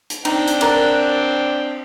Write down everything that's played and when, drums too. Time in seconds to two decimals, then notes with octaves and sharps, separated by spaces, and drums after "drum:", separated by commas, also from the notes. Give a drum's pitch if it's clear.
0.10 drum: hi-hat
0.25 C4 D4 D#4 G5, drum: cymbal
0.48 drum: hi-hat
0.61 A#4 D5 F#5, drum: cymbal